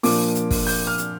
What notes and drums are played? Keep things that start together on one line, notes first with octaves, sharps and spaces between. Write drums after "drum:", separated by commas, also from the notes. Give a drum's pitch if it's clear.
A#2 F3 A#3 D4 D6, drum: open hi-hat
drum: hi-hat
drum: kick, open hi-hat
G6, drum: open hi-hat
F6
drum: hi-hat